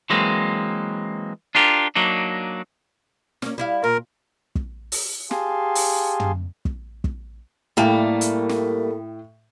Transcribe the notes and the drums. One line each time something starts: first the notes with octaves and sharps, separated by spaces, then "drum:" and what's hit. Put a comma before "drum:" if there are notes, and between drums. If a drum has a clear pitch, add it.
E3 F#3 G#3 A#3 C4
D4 F4 G4 A#4
F#3 A#3 D4 D#4
A#3 C#4, drum: snare
G3 E4 F5
A#2 A#4
drum: kick
drum: open hi-hat
G4 G#4 F5 G#5 A5 C6, drum: snare
drum: open hi-hat
drum: tom
drum: kick
drum: kick
A2 G3 A3 A#3 G5
drum: hi-hat
drum: snare